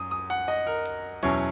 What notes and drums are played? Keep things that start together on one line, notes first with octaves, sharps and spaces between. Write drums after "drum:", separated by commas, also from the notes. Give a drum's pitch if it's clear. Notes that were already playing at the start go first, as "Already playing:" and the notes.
Already playing: F#2 D#6
D#6
F#5, drum: hi-hat
D#5
A#4
drum: hi-hat
E2 B2 F#3 C#4 E4 C#5, drum: hi-hat